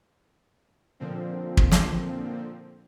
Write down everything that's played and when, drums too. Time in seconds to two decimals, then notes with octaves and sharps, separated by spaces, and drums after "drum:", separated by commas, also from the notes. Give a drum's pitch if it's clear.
1.00 A#2 D3 F3 C4
1.57 drum: kick
1.72 drum: snare